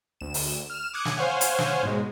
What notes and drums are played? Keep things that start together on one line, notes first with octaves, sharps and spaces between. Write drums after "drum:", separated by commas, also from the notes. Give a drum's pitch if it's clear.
D2 E7
drum: open hi-hat
F6 E7
D6 D#6 F#6 G#6 C#7
drum: snare
C5 C#5 F5 F#5 G#5
drum: hi-hat
drum: snare
G#2 B2 G#3